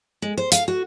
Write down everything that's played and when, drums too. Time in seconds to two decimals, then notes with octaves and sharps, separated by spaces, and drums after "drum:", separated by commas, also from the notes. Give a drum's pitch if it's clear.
0.22 G#3
0.38 C5
0.52 F5, drum: hi-hat
0.68 F#4